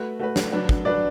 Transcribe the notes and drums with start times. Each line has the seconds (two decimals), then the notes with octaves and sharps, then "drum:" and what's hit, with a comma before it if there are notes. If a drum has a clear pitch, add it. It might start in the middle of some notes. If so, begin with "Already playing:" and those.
Already playing: A3 F#4 B4
0.19 A3 F#4 B4
0.36 drum: snare
0.52 F#3 D4 B4
0.69 drum: kick
0.85 F#3 D4 B4 D5